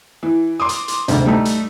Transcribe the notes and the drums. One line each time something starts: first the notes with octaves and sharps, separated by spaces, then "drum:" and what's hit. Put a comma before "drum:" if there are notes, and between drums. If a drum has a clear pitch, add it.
E3
C6 D6 D#6
drum: hi-hat
drum: hi-hat
D2 G#2 C3, drum: hi-hat
G3 A3 D#4
drum: hi-hat